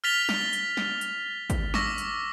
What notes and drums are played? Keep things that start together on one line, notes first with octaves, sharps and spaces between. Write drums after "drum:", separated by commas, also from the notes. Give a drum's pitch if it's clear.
F6 A6 B6 F7 G7
drum: snare
drum: hi-hat
drum: snare
drum: hi-hat
drum: kick, hi-hat
C#6 D6 E6 A#6, drum: snare
drum: hi-hat